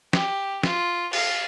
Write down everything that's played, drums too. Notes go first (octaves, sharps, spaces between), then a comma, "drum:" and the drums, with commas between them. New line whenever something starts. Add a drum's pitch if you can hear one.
G4, drum: snare
F4, drum: snare
F5, drum: cymbal